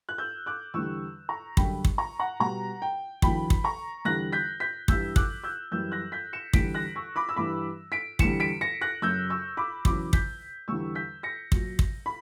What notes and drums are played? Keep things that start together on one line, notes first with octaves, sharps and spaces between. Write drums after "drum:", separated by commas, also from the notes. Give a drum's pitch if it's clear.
F#6
E6 G6
D6 F#6
E2 D3 G3 C#6 E6
A#5 C#6
F#2 D3 G3 G5 B5, drum: kick
drum: kick
A#5 C#6
F#5 A#5
B2 G3 F#5 A#5
G5
E2 D3 F#3 G5 B5, drum: kick
drum: kick
A#5 C#6
E2 D3 G3 F#6 A#6
G6 B6
G6 B6
G2 E3 G3 E6 G6, drum: kick
D6 F#6, drum: kick
E6 G6
F#2 E3 G3 E6 G6
F#6 A#6
G6 B6
C#7 E7
E2 D3 G3 B6 D7, drum: kick
F#6 A#6
C#6 E6
B5 D6
E6
G2 E3 G3 B5 D6
B6 D7
E2 D3 G3 C#7 E7, drum: kick
B6 D7
A#6 C#7
F#6 A#6
F#2 C#3 F#3 E6 G6
C#6 E6
B5 D6
E2 C#3 F#3 B5 D6, drum: kick
G6 B6, drum: kick
E2 D3 G3 C#6 E6
G6 B6
A#6 C#7
A#2 F#3, drum: kick
drum: kick
B5